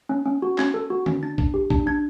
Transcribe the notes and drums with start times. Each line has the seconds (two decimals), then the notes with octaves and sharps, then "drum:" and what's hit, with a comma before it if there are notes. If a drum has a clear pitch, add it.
0.09 C#4
0.26 C#4
0.42 F#4
0.58 C#4 G#6, drum: clap
0.74 A4
0.90 F#4
1.06 C#4, drum: tom D3
1.23 D4 A6
1.38 D4, drum: kick A#1
1.54 G4
1.70 D4, drum: kick A#1
1.86 D4 G#6